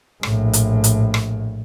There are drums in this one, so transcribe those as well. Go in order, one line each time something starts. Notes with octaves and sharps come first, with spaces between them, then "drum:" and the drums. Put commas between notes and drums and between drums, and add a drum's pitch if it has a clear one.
A#1 A2, drum: rim click
drum: hi-hat
drum: hi-hat
drum: rim click